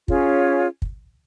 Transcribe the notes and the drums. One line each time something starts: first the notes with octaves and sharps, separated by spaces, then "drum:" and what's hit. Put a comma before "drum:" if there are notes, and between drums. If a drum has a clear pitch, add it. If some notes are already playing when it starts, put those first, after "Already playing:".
C#4 F4 G#4 C#5, drum: kick
drum: kick